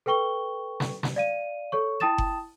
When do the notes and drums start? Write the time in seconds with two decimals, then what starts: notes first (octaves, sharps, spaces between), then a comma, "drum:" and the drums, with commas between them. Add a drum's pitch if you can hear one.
0.06 A4 B4 G5 C#6 G7
0.80 drum: snare
1.03 drum: snare
1.16 D5 F5 D#7
1.72 A4 C#5 C#6
2.00 E4 G5 A5 D#6 A6 E7
2.18 drum: kick F#1